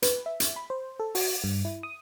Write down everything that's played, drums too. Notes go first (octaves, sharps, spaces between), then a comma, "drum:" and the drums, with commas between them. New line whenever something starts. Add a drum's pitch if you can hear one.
B4, drum: hi-hat
E5
drum: hi-hat
B5
C5
A4
F#4, drum: open hi-hat
G2
E4
D#6